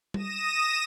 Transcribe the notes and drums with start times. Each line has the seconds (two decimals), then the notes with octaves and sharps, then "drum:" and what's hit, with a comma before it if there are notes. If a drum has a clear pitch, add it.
0.14 D#6 A#6 D#7 E7, drum: tom G3